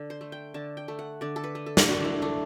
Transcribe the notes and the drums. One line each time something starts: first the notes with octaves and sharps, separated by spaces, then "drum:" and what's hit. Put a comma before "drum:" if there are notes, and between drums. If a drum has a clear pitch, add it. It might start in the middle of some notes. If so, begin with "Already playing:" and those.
Already playing: D3
C5
A3
G5
D3 A5
G5
A3
F#5
D3 D5
A4
B4
A3
A4
drum: snare
D3 F#4
D4 E4
A3 D4